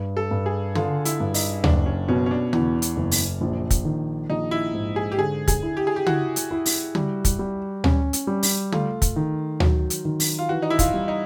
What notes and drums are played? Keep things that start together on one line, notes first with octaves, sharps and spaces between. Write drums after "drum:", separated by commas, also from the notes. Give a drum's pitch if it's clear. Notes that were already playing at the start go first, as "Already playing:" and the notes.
Already playing: G2
A4
G2
G#4
D3 F4, drum: tom
E4, drum: hi-hat
G2
D#4, drum: open hi-hat
F#1 D4, drum: tom D2
C#4
B2 C#4
C#4
D4
E2, drum: tom
drum: hi-hat
F#1
drum: open hi-hat
A#1
drum: kick, hi-hat
D#3
A#1 D#4
E4
G#2
G#4
G4
D3 G#4
G#4, drum: kick, hi-hat
E4
G4
G#4
G4
E4 F#4, drum: tom
drum: hi-hat
E4
drum: open hi-hat
G3, drum: tom
drum: kick, hi-hat
G3
C#4, drum: tom D2
drum: hi-hat
G3
drum: open hi-hat
A3 F4, drum: tom
drum: kick, hi-hat
D#3
F#3, drum: tom D2
drum: hi-hat
D#3
drum: open hi-hat
F4
E3 F#4
D#4
E4
F4, drum: kick, hi-hat
G3
D#4